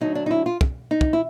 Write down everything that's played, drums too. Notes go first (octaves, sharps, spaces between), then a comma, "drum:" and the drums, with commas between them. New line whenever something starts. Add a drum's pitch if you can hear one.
D2 D3 F#3 D#4
D4
D#4
E4
F4
drum: kick
D#4
drum: kick
E4